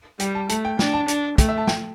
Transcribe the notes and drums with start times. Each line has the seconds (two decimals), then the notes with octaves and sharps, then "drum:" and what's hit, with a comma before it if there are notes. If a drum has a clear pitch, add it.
0.19 G3 G5, drum: hi-hat
0.35 A5
0.49 A3 A5, drum: hi-hat
0.65 G5
0.79 D4 G5, drum: snare
0.94 A5
1.08 D4, drum: hi-hat
1.38 A3 G5, drum: kick, hi-hat
1.49 E5
1.58 A5
1.67 G5, drum: snare